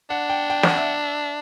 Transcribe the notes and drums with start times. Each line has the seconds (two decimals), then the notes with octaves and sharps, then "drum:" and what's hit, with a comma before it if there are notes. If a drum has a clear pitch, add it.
0.10 D4 F#5
0.30 G5
0.50 G5
0.63 F#5, drum: snare
0.77 E5